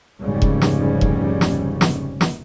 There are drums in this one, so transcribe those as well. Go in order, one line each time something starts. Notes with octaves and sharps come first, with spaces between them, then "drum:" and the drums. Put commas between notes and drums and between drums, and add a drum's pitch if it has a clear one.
F1 D2 G#2 C#3 G3 C#4
drum: kick E1
drum: snare
drum: kick E1
drum: snare
drum: snare
drum: snare